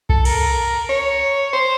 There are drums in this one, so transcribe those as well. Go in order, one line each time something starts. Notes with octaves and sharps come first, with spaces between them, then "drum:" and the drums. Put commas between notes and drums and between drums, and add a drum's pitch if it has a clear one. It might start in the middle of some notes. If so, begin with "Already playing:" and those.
A4, drum: kick B1
A#4, drum: cymbal
C#5
C5